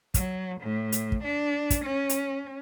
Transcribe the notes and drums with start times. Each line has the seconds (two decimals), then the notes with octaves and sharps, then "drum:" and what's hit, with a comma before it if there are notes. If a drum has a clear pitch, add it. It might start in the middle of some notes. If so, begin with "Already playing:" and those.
0.14 F#3, drum: kick, hi-hat
0.62 A2
0.92 drum: hi-hat
1.12 drum: kick
1.24 D4
1.70 drum: kick, hi-hat
1.85 C#4
2.09 drum: hi-hat